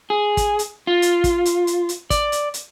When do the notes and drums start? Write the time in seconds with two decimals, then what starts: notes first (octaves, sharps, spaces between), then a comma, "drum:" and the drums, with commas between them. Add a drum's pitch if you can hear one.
0.10 G#4
0.37 drum: kick, hi-hat
0.59 drum: hi-hat
0.87 F4
1.02 drum: hi-hat
1.24 drum: kick, hi-hat
1.45 drum: hi-hat
1.67 drum: hi-hat
1.89 drum: hi-hat
2.10 D5, drum: kick, hi-hat
2.32 drum: hi-hat
2.54 drum: hi-hat